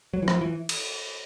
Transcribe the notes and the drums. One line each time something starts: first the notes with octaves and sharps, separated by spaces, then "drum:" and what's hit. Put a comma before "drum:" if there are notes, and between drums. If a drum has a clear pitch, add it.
F#3
E3
F3, drum: rim click
E3
drum: cymbal